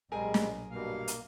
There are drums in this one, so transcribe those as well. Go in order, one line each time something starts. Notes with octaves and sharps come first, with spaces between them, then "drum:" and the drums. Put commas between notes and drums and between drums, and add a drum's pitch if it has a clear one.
B1 A#2 G3 G#3 C4 G#4 A#4 G#5
drum: snare
G2 B2 A#3 F5
drum: hi-hat